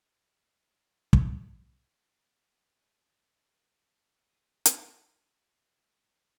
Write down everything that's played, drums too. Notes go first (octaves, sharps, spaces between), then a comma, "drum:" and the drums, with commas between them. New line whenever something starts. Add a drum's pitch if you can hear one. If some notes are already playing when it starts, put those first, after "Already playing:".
E4
E4
drum: kick
D#4
F#4
G#4
G#4
A4
B4
A4
G#4
drum: hi-hat
F#4
E4
D#4